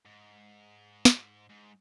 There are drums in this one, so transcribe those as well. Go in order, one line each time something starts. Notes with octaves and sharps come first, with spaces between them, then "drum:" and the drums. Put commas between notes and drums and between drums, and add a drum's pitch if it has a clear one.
G#2
drum: snare
G#2